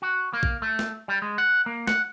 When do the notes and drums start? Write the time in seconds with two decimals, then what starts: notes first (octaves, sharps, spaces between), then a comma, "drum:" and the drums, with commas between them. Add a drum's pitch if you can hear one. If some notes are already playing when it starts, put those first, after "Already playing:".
0.02 F#4
0.33 A#3
0.43 drum: kick A#1
0.62 A3
0.79 drum: snare
1.08 G3
1.22 G#3
1.38 F#5
1.66 A#3
1.87 F#5, drum: snare